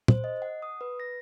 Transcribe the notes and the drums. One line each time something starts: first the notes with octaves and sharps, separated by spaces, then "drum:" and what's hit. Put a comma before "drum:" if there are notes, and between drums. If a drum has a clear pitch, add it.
C5, drum: tom
D#5
F#5
D#6
B4
A#6